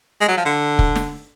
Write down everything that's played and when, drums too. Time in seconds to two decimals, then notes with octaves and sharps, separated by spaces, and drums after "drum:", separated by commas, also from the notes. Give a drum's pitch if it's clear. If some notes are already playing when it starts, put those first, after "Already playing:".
0.21 G#3
0.28 F#3
0.37 F3
0.45 D3
0.79 drum: kick
0.96 drum: snare